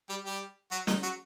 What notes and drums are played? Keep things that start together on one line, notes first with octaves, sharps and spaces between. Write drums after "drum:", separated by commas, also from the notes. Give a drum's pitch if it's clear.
G3 G4
G3 G4
F#3 F#4
D#3 D#4, drum: snare
F#3 F#4